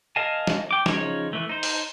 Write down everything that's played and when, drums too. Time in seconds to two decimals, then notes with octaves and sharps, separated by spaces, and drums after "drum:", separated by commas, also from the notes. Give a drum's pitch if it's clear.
0.16 A#4 D#5 F5 G#5 A5
0.47 drum: snare
0.71 G5 D6
0.86 C#3 F3 D#4 C#5, drum: snare
1.33 E3 A3
1.49 D#4 C5
1.63 drum: open hi-hat